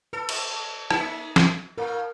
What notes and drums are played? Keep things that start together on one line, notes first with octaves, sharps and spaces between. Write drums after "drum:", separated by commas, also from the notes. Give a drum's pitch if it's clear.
A4 B4
drum: cymbal
A#3 D#4 E5, drum: rim click
drum: snare
A2 A#3 A#4